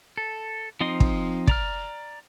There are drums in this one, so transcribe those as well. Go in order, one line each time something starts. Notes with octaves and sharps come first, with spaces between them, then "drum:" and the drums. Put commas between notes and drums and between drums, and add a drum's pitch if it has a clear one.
A4
F3 C4 D#4 D#5 C6
drum: kick
D5 A#5 F6, drum: kick